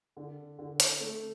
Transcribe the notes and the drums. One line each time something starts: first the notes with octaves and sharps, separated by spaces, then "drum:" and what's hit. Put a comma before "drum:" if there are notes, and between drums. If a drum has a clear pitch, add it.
D3
D3
drum: hi-hat
A3